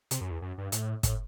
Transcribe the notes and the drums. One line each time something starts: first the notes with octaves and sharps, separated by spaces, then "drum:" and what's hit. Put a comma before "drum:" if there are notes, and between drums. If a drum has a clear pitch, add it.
C3, drum: hi-hat
F#2
E2
F#2
G2
A2, drum: hi-hat
A2, drum: kick, hi-hat